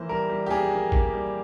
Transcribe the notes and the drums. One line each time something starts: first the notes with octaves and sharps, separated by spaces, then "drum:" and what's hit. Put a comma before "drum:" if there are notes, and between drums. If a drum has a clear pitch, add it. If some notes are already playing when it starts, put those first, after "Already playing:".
Already playing: E3 A#3 C5
G3 A#4
G3
G4
A#3 G#4
A#3
A#3, drum: kick
G3